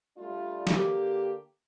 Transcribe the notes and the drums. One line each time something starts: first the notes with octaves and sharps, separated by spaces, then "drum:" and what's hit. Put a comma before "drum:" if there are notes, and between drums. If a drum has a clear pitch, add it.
G3 A3 D4 F4
D3 A#3 G4, drum: snare